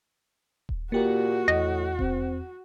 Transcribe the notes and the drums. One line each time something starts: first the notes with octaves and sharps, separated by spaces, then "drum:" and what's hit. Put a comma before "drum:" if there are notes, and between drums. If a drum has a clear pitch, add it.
drum: kick D#1
A#2 A#3 F#4 G4 A#4
E2 A2 D#5
C4, drum: kick D#1